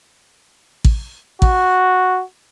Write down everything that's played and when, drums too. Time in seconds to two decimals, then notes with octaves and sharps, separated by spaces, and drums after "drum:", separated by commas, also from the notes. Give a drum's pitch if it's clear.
0.85 drum: kick A1
1.42 F#4, drum: kick A1